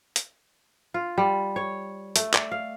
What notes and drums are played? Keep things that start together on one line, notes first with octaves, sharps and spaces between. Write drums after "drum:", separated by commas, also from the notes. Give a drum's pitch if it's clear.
drum: hi-hat
F4
G3
C#5
A3, drum: hi-hat
D5, drum: clap
F5